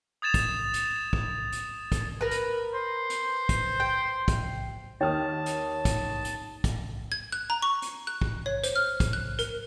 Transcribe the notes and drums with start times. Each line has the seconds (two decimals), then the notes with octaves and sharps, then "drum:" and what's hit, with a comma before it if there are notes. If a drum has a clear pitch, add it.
0.22 D#6 G#6 A6 E7 F7
0.34 drum: kick, hi-hat
0.74 drum: hi-hat
1.13 drum: kick
1.52 drum: hi-hat
1.92 drum: kick, hi-hat
2.21 A#4 B4
2.31 drum: hi-hat
2.74 C5
3.10 drum: hi-hat
3.49 drum: kick, hi-hat
3.80 G5
4.28 drum: kick, hi-hat
5.01 D#2 A#3 D#4 C#5 G5 A5 D#6 F6
5.46 drum: hi-hat
5.85 drum: kick, hi-hat
6.25 drum: hi-hat
6.64 drum: kick, hi-hat
7.12 G#6
7.32 F#6
7.50 A#5
7.62 C#6
7.82 drum: hi-hat
8.07 F#6
8.22 drum: kick
8.46 C#5
8.64 C5, drum: hi-hat
8.76 F6
9.00 drum: kick, hi-hat
9.13 F#6
9.39 A#4, drum: hi-hat